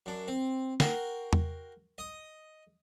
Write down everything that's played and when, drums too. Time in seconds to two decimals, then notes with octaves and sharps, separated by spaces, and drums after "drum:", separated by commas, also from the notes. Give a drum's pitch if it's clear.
0.06 F#2 D4
0.28 C4
0.80 F#4 A#4 G5 C6, drum: snare
1.33 drum: tom E2
1.98 D#5 D#6